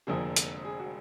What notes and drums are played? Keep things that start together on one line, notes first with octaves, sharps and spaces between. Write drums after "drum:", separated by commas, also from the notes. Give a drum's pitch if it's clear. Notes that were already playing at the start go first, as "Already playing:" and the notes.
F1 F2 D3 F3 A#3 G#4
drum: hi-hat
G#4
F#4